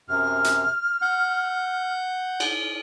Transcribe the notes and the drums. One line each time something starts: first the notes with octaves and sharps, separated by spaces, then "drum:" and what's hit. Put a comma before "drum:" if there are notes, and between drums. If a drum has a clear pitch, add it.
F#2 C3 F6
drum: hi-hat
F#5 G6
drum: cymbal